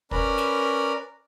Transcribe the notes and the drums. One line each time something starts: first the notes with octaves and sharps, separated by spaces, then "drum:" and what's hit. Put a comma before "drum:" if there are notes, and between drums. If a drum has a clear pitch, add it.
C#4 A#4 B4 D5 A#5 B5, drum: kick
drum: snare